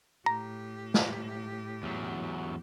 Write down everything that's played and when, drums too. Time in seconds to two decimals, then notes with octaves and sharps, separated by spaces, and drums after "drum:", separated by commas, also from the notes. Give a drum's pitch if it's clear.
0.26 A2 G4 A#5
0.94 drum: snare
1.83 E2 F#3